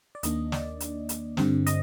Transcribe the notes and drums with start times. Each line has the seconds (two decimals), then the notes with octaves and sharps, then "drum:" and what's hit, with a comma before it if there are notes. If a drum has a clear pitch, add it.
0.15 D5
0.23 D#2 D#3 A#3 D4 D#5, drum: hi-hat
0.52 D5, drum: snare
0.80 drum: hi-hat
1.09 drum: hi-hat
1.37 G2 D3 G3 C4, drum: snare
1.67 D#5, drum: hi-hat